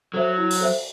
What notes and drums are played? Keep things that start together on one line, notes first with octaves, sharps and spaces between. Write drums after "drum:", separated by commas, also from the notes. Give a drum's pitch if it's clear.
F#3 A4 C5 E5
E4
drum: open hi-hat
A4 C5 E5